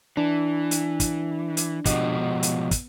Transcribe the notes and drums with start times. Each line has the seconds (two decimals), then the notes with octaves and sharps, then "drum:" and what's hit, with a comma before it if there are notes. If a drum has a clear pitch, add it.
0.17 E3 D4
0.71 drum: hi-hat
1.00 drum: kick, hi-hat
1.57 drum: hi-hat
1.85 B2 F3 G#3 G4, drum: kick, hi-hat
2.43 drum: hi-hat
2.71 drum: kick, hi-hat